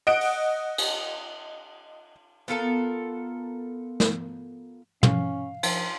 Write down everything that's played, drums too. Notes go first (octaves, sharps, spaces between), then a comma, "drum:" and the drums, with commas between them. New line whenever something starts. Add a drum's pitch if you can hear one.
D#5 F#5 D7
drum: open hi-hat
drum: cymbal
B3 F4 A4 A#4
drum: snare
C#4 F5, drum: tom
F3, drum: cymbal